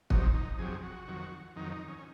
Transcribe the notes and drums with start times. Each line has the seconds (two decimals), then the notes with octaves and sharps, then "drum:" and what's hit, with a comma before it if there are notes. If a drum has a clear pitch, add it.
0.10 F2 C3 F#3 D#4, drum: kick
0.34 D#4
0.58 F2 C3 F#3 G#4
0.83 F#4
1.08 F2 D#3 F#3
1.56 F2 D#3 F#3 D#4
1.72 D#4
1.88 C#4
1.99 C#4